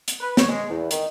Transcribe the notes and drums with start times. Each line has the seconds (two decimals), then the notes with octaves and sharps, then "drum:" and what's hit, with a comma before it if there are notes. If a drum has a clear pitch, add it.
0.08 drum: hi-hat
0.20 B4
0.37 C#5, drum: snare
0.49 G#3
0.70 E2
0.91 D#3, drum: hi-hat